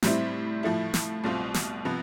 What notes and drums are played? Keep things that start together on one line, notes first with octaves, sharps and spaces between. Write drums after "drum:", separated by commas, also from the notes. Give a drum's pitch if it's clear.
A2 G3 C4 E4, drum: snare
A2 F3 A3 E4
drum: snare
C2 B2 A3 C4 F4
drum: snare
C3 F3 B3